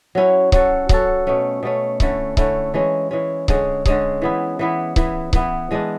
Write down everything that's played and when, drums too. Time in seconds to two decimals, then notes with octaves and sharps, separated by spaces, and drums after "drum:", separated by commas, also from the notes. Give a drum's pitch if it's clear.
0.15 F#3 C#4 E4
0.52 F#3 C#4 F#4 A4, drum: kick C#1
0.89 F#3 C#4 F#4 A4, drum: kick C#1
1.27 B2 A3 C#4
1.63 B2 A3 C#4
2.00 D3 A3 C#4 E4, drum: kick C#1
2.37 D3 A3 C#4 E4, drum: kick C#1
2.74 E3 G#3 C#4
3.11 E3 G#3 C#4
3.48 D3 G#3 C#4 G#4, drum: kick C#1
3.85 D3 G#3 C#4 G#4, drum: kick C#1
4.22 E3 B3 E4
4.59 E3 B3 E4
4.96 E3 B3 E4, drum: kick C#1
5.33 E3 B3 E4, drum: kick C#1
5.71 E3 G#3 D4